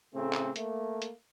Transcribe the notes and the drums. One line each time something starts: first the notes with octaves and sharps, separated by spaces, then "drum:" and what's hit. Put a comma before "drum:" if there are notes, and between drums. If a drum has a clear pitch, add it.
A2 C#3 A3 C4
drum: clap
A3 A#3, drum: hi-hat
drum: hi-hat